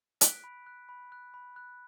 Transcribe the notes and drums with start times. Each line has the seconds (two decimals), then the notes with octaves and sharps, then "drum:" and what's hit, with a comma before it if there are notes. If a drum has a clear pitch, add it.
0.21 F#6 B6 D7, drum: hi-hat
0.44 B5
0.67 F#6
0.89 B5
1.12 F#6
1.34 B5
1.56 F#6